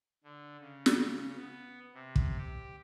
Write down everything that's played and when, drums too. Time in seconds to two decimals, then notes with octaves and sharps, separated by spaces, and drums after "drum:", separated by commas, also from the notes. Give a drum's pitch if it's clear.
0.24 D3
0.60 C#3
0.86 drum: snare
1.37 B3
1.94 C3
2.16 drum: kick
2.37 G4